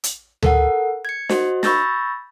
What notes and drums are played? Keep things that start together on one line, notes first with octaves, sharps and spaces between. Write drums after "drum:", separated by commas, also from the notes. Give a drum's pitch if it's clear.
drum: hi-hat
A4 A#4 F#5, drum: tom D2
G#6 C#7
F#4 C5 D#5, drum: snare
B5 C#6 E6 G6 A6 A#6, drum: snare